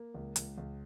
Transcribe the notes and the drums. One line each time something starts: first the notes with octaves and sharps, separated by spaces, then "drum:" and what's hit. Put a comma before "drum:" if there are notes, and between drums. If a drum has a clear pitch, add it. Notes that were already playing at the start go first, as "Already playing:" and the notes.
Already playing: A#3
C#2
C#2, drum: hi-hat
C#2